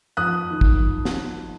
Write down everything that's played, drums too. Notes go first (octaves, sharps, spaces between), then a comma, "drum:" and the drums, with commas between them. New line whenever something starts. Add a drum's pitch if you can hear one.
F2 D#6 F#6
D#3
drum: kick
drum: snare